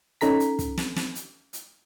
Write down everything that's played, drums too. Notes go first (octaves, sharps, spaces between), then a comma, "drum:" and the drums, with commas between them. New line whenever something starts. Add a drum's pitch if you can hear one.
C#4 D#4 A4 A#5 B6, drum: hi-hat
drum: hi-hat
drum: kick, hi-hat
drum: snare
drum: snare
drum: hi-hat
drum: hi-hat